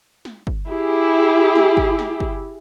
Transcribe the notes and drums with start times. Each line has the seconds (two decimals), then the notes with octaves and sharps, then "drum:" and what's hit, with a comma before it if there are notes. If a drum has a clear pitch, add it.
0.25 drum: snare
0.47 drum: kick
0.69 E4 G4 G#4
1.55 drum: snare
1.77 drum: kick
1.99 drum: snare
2.20 drum: kick